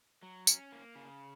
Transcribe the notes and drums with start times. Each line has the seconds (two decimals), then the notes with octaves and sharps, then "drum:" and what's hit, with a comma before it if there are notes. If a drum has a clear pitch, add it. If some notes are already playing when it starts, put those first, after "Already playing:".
0.23 F#3
0.47 C#4, drum: tambourine
0.72 A#3
0.95 C#3